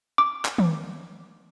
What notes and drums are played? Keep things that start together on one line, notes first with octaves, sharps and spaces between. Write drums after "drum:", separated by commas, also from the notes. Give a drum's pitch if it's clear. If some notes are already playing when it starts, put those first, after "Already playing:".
D6
drum: clap
drum: tom